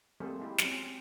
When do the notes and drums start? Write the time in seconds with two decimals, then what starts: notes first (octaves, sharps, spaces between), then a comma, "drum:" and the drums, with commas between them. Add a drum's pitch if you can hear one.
0.20 G3 A3 A#3 C4 G#4 A4
0.40 G#3 E4 G4
0.59 F#3 C4 C#4, drum: snare
0.82 C4